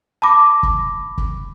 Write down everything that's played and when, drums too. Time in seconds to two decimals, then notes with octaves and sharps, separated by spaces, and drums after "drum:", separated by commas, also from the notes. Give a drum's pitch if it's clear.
0.22 A5 B5 D6 A#6
0.63 drum: kick
1.18 drum: kick